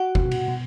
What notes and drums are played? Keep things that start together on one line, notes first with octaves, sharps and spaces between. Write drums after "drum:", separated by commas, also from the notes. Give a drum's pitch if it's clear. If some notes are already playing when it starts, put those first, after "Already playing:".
Already playing: F#4 F#5
B2, drum: kick F#1
drum: cymbal
B2